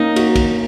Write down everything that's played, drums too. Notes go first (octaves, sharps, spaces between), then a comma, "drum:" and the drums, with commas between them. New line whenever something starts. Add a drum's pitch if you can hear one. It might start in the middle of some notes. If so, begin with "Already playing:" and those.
Already playing: A#3 C#4 D#4
F#4, drum: cymbal
drum: kick, cymbal